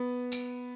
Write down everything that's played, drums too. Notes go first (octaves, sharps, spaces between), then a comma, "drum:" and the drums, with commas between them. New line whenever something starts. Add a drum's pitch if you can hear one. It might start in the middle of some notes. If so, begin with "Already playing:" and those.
Already playing: B3
drum: tambourine